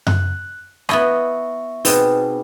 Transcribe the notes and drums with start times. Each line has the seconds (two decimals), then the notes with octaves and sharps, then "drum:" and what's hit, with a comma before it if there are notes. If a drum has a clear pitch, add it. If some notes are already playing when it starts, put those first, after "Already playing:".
0.07 F#6, drum: tom F#2
0.89 B3 E4 D#5 E5 C#6, drum: rim click
1.85 B2 B3 C4 D#4 G#4 B4, drum: open hi-hat